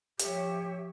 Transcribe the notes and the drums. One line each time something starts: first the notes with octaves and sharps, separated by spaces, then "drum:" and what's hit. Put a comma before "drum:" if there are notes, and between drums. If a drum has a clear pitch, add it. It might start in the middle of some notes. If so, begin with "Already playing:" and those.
F3 G4 C#5 E5, drum: hi-hat